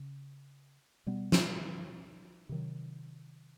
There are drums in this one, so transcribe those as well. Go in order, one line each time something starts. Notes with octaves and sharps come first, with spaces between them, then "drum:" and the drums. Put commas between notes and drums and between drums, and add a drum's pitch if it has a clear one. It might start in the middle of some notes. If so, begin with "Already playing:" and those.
Already playing: C#3
B2 G3 B3
drum: snare
C3 D#3 F#3